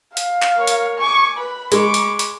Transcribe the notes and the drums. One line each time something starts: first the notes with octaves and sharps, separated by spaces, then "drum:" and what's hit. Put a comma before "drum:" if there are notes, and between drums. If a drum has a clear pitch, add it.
F5, drum: hi-hat
drum: clap
A#4 C#5
drum: hi-hat
G#5 C#6 D6
B4 B5
G#3 C#6 D6, drum: hi-hat
drum: hi-hat
drum: hi-hat